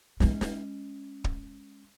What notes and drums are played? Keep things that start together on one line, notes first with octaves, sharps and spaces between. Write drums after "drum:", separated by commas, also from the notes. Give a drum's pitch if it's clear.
G#3 C#4, drum: snare
drum: snare
drum: kick